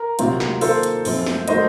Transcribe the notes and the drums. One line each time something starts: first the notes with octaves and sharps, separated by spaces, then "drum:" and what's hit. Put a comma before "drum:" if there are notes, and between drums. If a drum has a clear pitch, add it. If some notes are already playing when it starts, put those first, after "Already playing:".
Already playing: A#4
C3 D#3 F#3 C4 F4, drum: hi-hat
drum: snare
D#3 A#3 F4 A4 C5, drum: open hi-hat
drum: hi-hat
F#2 F3 C4, drum: open hi-hat
drum: snare
D#3 F#3 A3 C5 D#5, drum: hi-hat